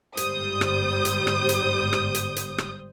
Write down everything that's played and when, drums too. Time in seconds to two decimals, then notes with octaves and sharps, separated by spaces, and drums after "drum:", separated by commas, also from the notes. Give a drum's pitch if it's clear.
0.17 G1 G#2 G3 C5 D#6 G6, drum: hi-hat
0.61 drum: rim click
1.05 drum: hi-hat
1.27 drum: rim click
1.49 drum: hi-hat
1.93 drum: rim click
2.15 drum: hi-hat
2.36 drum: hi-hat
2.58 drum: rim click